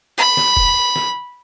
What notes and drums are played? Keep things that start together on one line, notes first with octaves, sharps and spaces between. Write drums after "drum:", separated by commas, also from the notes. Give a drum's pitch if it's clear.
B5
drum: snare
drum: kick
drum: snare